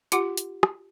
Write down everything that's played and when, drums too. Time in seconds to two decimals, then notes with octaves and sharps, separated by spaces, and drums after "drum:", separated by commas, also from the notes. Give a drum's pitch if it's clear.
0.12 F4 G4 F#5 D6, drum: hi-hat
0.37 drum: hi-hat
0.63 drum: rim click